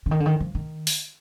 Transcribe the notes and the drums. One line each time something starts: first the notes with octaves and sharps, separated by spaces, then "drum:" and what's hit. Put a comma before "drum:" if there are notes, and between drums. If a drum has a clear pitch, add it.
D3
D#3
D3
D#3
F3
D#3
drum: open hi-hat